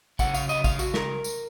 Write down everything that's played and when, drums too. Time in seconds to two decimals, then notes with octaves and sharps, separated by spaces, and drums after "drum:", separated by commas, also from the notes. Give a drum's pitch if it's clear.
0.19 C#3 F#3 F#5, drum: kick A1, tambourine
0.34 F5, drum: tambourine
0.49 D#5, drum: tambourine
0.64 F5, drum: kick A1, tambourine
0.79 F#4, drum: tambourine
0.94 A#4, drum: snare
1.24 drum: tambourine